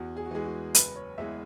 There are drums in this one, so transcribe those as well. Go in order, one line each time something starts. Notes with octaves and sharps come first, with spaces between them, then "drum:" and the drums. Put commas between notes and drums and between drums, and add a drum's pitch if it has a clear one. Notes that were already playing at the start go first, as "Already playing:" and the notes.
Already playing: E2 F#4
G#4
F#4
E3 G#3 G#4
F#4
F#1 B4, drum: hi-hat
C#5
E2 E3 G#3 E5